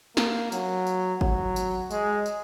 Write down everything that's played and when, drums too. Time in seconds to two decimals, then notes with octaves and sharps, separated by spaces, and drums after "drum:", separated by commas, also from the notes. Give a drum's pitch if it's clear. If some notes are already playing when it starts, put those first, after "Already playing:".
0.17 A#3, drum: snare
0.52 F#3, drum: tambourine
0.87 drum: tambourine
1.21 F#3, drum: kick G#1
1.56 drum: tambourine
1.91 G#3, drum: tambourine
2.26 drum: tambourine